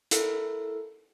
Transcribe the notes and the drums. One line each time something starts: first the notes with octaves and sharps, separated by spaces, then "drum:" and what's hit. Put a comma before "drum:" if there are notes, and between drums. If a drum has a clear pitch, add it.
E4 A4 A#4, drum: hi-hat